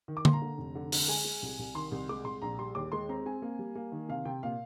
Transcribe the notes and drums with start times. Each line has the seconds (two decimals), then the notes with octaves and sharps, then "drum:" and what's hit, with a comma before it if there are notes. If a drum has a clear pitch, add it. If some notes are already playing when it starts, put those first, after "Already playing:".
0.08 D#3
0.17 D6
0.25 A#3 C6, drum: tom D3
0.33 A#5
0.42 D3
0.58 F1
0.75 D3
0.92 D3, drum: open hi-hat
1.08 G#3 G#5
1.25 G#3
1.42 C2
1.59 C2
1.75 D#3 C6
1.92 C2
2.09 G#3 D6
2.25 C2 C6
2.42 A#1 A#5
2.59 G3 C6
2.75 D#2 D6
2.92 G#3 C6
3.09 C4 A#5
3.26 C4 G#5
3.42 A#3
3.59 G3
3.75 A#3
3.92 D#3
4.09 C3 F5
4.25 C3 G5
4.43 A#2 F5